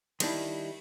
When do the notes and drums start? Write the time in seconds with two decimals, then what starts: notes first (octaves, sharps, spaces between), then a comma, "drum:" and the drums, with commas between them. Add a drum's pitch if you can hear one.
0.20 D#3 G3 D4 E4, drum: cymbal